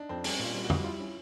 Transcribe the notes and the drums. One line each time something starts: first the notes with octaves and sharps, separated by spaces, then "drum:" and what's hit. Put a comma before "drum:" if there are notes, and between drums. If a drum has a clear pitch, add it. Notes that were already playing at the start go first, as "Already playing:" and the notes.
Already playing: D4 D#4
F2 C4
G3 C#4, drum: open hi-hat
A#2 F4
G3
F#4
G3, drum: tom F2
E4 F4
C#4